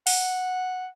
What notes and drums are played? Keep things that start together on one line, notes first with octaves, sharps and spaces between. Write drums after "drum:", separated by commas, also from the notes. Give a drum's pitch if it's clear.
F#5, drum: open hi-hat